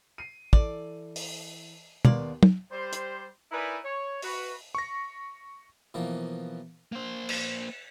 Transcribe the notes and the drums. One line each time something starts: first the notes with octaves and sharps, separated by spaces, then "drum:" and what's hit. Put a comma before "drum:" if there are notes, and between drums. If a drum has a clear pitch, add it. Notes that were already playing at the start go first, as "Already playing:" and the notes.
C7 D#7
E3 A4 D5, drum: kick
drum: open hi-hat
D#2 A#3 B3 D5 C6, drum: tom
drum: tom
G3 C5
drum: hi-hat
D#4 E4 A#4 B4 D5 G#5
C#5
F#4 B4, drum: open hi-hat
C#6 A#6
B2 E3 F3 A#3
A#3 C5
drum: cymbal